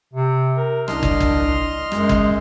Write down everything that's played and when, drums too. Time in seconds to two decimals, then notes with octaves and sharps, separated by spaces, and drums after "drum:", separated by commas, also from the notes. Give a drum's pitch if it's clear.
0.13 C3
0.57 A#4
0.88 C2 D4 D#5 C6 F6, drum: rim click
1.03 drum: kick
1.20 drum: kick
1.92 F#2 G#3, drum: rim click
2.09 drum: kick